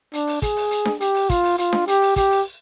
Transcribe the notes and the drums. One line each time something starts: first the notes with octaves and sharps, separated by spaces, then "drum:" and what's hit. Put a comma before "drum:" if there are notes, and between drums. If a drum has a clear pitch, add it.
D4, drum: hi-hat
drum: open hi-hat
G#4, drum: kick, hi-hat
drum: open hi-hat
drum: hi-hat
drum: snare D4
G4, drum: hi-hat
drum: open hi-hat
F4, drum: kick, hi-hat
drum: open hi-hat
F4, drum: hi-hat
drum: snare D4
G4, drum: hi-hat
drum: open hi-hat
G4, drum: kick, hi-hat
drum: open hi-hat